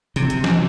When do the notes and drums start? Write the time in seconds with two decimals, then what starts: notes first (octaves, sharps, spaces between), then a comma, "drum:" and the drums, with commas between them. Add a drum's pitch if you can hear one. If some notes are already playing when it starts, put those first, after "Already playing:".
0.16 C3, drum: open hi-hat
0.30 drum: hi-hat
0.44 drum: snare